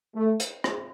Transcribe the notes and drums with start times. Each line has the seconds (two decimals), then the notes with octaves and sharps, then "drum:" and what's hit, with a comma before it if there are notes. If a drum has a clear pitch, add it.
0.15 A3
0.40 drum: hi-hat
0.64 drum: rim click